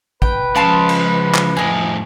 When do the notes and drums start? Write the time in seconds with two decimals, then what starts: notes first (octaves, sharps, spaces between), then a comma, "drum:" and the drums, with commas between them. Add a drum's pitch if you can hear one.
0.22 B4 G5, drum: kick
0.55 C#2 C#3 F3 F5 A5 C6
0.89 drum: cymbal
1.35 drum: clap
1.57 F2 A2 D#4 G#4